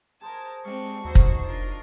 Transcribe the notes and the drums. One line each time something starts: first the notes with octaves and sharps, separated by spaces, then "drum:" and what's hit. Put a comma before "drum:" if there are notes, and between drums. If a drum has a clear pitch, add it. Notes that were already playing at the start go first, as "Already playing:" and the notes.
G#4 A#4 C5 G#5 A5
G#3 C4 D4 G4 F5 C#6
D#2 D#4 F#4 A4 C5 C#5
drum: kick
F1 D4 F4 A#4